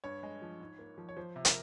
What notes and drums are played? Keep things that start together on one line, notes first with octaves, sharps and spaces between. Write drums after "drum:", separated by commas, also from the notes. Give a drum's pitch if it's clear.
G2 C#5
G#3
F3
G#2
A#3
F3
C#5
F3 C5
C3
A#4, drum: hi-hat